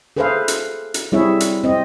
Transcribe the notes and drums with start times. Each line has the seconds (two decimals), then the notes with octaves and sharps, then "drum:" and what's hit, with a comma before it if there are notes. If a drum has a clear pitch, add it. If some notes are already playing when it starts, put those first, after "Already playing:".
0.17 G#4 A4 B4 C5 E5 F5
0.48 drum: hi-hat
0.94 drum: hi-hat
1.12 G3 C4 E4 G#4 C#5 E5
1.40 drum: hi-hat
1.64 C4 D#5